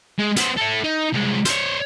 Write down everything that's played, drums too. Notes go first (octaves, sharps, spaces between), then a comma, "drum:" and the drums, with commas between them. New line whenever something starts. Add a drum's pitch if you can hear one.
G#3
B3 C5, drum: hi-hat
E4 A4
D#4
C2 G#3
C5 C#5, drum: hi-hat